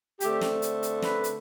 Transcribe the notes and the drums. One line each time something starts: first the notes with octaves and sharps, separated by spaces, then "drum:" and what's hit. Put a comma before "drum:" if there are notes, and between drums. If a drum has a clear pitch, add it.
D3 A3 C4 G4, drum: hi-hat
drum: snare
drum: hi-hat
drum: hi-hat
B4, drum: snare
drum: hi-hat